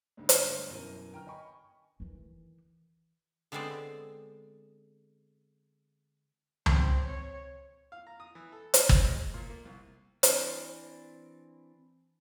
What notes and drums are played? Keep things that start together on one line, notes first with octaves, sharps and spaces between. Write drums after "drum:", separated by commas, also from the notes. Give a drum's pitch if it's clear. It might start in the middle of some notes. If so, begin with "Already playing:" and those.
D2 G#2 D3 G3
drum: hi-hat
G2 D3
F#2 B2 E3 A#4 D#7
G1 G5 A#5 F6
D#5 G5 G#5 B5 C#6
D#3 E3
D3 G#3 B3 C4 C5 D5
C4, drum: tom C#2
C#5
F5
A#5
D#6
E3
A4
A#5, drum: hi-hat
D#2, drum: kick
G#3
A#2
A#3
C2
E3 C4 D4, drum: hi-hat